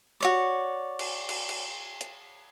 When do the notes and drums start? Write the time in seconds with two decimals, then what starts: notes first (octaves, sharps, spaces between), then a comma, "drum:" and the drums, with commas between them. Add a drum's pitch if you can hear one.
0.20 F#4 C#5 D5
0.99 drum: cymbal
1.29 drum: cymbal
1.49 drum: cymbal
2.01 drum: hi-hat